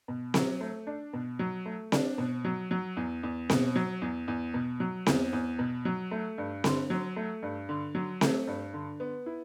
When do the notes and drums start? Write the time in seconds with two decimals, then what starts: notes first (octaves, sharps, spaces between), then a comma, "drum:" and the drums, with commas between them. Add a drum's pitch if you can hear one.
0.08 B2
0.34 F#3, drum: snare C4
0.61 A3
0.87 D4
1.13 B2
1.39 F#3
1.66 A3
1.92 D4, drum: snare C4
2.18 B2
2.45 F#3
2.71 F#3
2.97 E2
3.23 E2
3.50 B2, drum: snare C4
3.76 F#3
4.02 E2
4.28 E2
4.54 B2
4.80 F#3
5.06 E2, drum: snare C4
5.33 E2
5.59 B2
5.85 F#3
6.11 A3
6.38 G2
6.64 D3, drum: snare C4
6.90 F#3
7.16 A3
7.43 G2
7.69 D3
7.95 F#3
8.21 A3, drum: snare C4
8.47 G2
8.74 D3
9.00 B3
9.26 E4